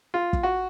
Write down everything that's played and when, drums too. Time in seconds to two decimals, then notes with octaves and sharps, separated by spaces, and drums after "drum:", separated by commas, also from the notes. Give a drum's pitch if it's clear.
0.14 F4
0.33 drum: kick
0.43 F#4